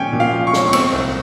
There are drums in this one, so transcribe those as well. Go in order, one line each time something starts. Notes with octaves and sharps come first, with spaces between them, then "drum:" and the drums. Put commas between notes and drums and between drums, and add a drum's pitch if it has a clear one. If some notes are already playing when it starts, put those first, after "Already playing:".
Already playing: A#2 F3 G#3 C#4 G5 G#5
A#2
F5
F3
C#6
G#3, drum: snare C#5
C#6
C4 E6, drum: cymbal
C2